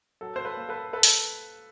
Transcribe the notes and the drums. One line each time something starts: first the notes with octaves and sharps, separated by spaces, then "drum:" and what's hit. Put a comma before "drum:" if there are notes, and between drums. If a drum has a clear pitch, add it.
F#3 A4
C5
A4 B4
A#3
A4 B4
A4 B4
drum: open hi-hat